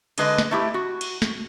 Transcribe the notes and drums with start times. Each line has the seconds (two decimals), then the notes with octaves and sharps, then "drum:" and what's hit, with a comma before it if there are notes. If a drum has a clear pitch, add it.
0.18 D3 G#3 B4 D#5, drum: cymbal
0.38 drum: snare
0.51 A3 E4 G4
0.74 F#4
1.01 drum: cymbal
1.22 drum: snare